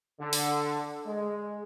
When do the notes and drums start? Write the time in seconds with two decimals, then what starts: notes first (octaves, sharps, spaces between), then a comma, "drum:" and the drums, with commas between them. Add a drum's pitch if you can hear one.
0.19 D3
0.33 drum: open hi-hat
1.06 G#3